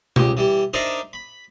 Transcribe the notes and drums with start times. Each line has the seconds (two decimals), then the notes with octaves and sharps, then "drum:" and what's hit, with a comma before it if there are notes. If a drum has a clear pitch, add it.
0.16 C#2 G4, drum: tom B2
0.37 E3 G3
0.73 D4 D#4 A#4 C5 D5 E5
1.13 B5